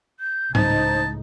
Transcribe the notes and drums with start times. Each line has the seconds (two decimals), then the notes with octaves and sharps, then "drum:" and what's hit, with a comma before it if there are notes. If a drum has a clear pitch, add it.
0.20 G6
0.55 C#2 A2 D#4 C5 A5, drum: tom G#2